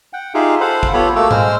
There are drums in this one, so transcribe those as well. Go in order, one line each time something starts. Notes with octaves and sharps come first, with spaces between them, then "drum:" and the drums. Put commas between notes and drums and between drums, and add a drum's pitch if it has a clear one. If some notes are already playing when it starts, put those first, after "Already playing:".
F#5 G5
D#4 F4 G4 G#4 E5 F5
A4 C5 F5 F#5 B5
drum: kick
B3 F4 G4 A4 C#5 B5
A3 A#3 F#4 A4 D6 E6
G#3 C5 E6 F6, drum: tom G#2